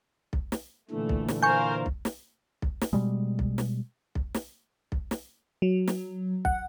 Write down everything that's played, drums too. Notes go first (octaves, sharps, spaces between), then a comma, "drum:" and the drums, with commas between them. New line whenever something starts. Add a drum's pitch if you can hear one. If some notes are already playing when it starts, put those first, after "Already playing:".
drum: kick B1
drum: snare
A#2 D3 E3 A3
drum: kick B1
drum: snare
A#4 C5 F5 G#5 C#6 G6
drum: kick B1
drum: snare
drum: kick B1
drum: snare
B2 G3 G#3
drum: kick B1
drum: snare
drum: kick B1
drum: snare
drum: kick B1
drum: snare
F#3
drum: snare
F#5, drum: kick B1